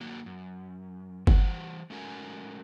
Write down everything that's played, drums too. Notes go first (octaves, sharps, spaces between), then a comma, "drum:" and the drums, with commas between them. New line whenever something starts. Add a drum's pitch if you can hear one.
D#3 F#3 A#3 F#4
F#2
E3 G3 C5 F#5, drum: kick G1
G#3 A3 C#4 F#4 A#4 G#5